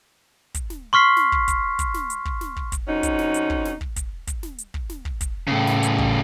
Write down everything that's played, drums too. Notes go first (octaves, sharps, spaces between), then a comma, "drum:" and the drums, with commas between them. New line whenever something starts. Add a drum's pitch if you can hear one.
drum: kick, hi-hat
drum: snare
C6 C#6 F6 B6 C7
drum: snare
drum: kick
drum: kick, hi-hat
drum: kick, hi-hat
drum: snare
drum: hi-hat
drum: kick
drum: snare
drum: kick
drum: kick, hi-hat
F2 C#4 D#4 F#4
drum: kick, hi-hat
drum: snare
drum: hi-hat
drum: kick
drum: snare
drum: kick
drum: kick, hi-hat
drum: kick, hi-hat
drum: snare
drum: hi-hat
drum: kick
drum: snare
drum: kick
drum: kick, hi-hat
A2 C#3
drum: snare
drum: hi-hat
drum: kick